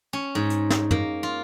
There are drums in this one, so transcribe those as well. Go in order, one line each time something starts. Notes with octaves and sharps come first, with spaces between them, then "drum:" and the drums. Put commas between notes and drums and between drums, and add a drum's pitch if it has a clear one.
C#4
G#2
drum: hi-hat
drum: snare
A#3, drum: tom
F4